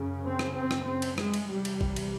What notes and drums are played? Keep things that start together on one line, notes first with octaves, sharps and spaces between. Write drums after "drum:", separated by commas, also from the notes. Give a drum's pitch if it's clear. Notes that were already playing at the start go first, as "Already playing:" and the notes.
Already playing: F#2 C#3
C4
drum: rim click
C4
drum: rim click
C4
drum: cymbal
G#3, drum: rim click
drum: cymbal
E2 C3 G3
drum: cymbal
drum: kick A1
drum: cymbal